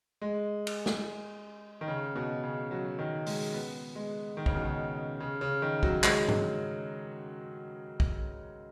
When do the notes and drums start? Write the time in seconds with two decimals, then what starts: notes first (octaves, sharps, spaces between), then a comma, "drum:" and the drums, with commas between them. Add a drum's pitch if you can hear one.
0.22 G#3
0.67 drum: cymbal
0.86 drum: snare
1.81 D#3
1.88 C#3
2.15 B2
2.44 C#3
2.71 F#3
2.99 D#3
3.26 G#3, drum: open hi-hat
3.54 B3
3.95 G#3
4.37 D#3
4.46 C#3, drum: kick
4.55 B2
4.64 C#3
5.20 C#3
5.41 C#3
5.62 D#3
5.83 F#3, drum: kick
6.04 G#3, drum: clap
6.29 drum: tom G#2
8.00 drum: kick